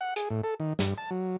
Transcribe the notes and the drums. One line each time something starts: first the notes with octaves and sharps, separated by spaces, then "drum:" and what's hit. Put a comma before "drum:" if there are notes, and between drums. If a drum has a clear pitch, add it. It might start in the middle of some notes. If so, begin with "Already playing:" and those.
F#5
G#4, drum: hi-hat
A2
A4
D#3
G2, drum: snare
A5
F#3